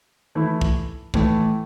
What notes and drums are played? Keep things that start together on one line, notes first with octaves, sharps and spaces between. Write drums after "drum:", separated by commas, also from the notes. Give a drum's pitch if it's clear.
E3 A3 E4
drum: kick
A2 E3 A3, drum: kick